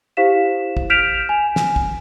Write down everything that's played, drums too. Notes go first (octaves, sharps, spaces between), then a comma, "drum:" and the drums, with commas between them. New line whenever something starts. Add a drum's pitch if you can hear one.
E4 G4 C5 F5 B6 E7
drum: kick
F6 G6 B6 D7 E7 F7
G#5
drum: snare
drum: kick